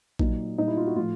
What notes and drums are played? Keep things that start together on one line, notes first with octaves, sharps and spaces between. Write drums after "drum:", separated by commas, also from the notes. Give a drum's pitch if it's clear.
A#2 F#3 D#4, drum: kick A#1
A#2 G3 D#4
E4
F4
F#4
A2 F3 F4